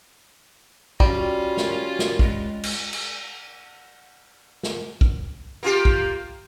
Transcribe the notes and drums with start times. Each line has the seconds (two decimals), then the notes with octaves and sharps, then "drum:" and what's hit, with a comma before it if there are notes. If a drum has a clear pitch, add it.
1.00 G3 C#4 F4 F#4, drum: kick
1.57 drum: snare
1.99 drum: snare
2.19 G#3, drum: kick
2.64 drum: cymbal
2.93 drum: cymbal
4.63 drum: snare
5.01 drum: kick
5.63 A#3 F4 G4
5.85 drum: kick